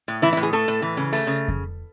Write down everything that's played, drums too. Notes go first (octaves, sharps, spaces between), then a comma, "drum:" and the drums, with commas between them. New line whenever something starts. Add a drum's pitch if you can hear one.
A2
E3 E4
E4
A2
G#4
A3 A4
A2
E3
C#3
A3, drum: open hi-hat
C#3
drum: kick F2